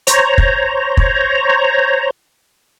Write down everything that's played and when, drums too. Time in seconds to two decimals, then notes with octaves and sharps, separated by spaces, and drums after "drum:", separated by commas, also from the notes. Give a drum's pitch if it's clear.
0.07 C5 C#5 A#5, drum: hi-hat
0.38 drum: kick
0.97 drum: kick